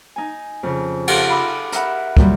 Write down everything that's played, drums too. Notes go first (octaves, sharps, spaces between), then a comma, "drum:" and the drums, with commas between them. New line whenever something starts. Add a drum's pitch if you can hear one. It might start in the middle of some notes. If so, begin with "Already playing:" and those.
D#4 G#5
F2 C#3
F4 G4 A4 F#5, drum: cymbal
B5 D6 E6
A#4 E5 F#5 B5, drum: hi-hat
A#2 F#3 G3, drum: kick